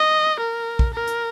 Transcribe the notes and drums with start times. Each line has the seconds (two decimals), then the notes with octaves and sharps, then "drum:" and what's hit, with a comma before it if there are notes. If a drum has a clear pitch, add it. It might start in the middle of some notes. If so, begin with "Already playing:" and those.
Already playing: D#5
0.40 A#4
0.79 drum: kick
0.94 A#4
1.07 drum: hi-hat